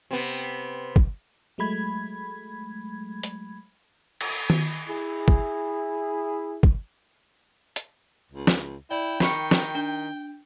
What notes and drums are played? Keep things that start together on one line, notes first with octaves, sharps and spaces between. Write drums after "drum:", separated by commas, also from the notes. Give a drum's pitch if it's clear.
C3 B3
drum: kick
F#3 G#3 A3 B5 G#6
drum: hi-hat
drum: cymbal
drum: tom D#3
E4 G#4
drum: kick
drum: kick
drum: hi-hat
C#2
drum: snare
E4 D5 G5
D#3 B5 C#6 C#7, drum: snare
drum: snare
D4 G7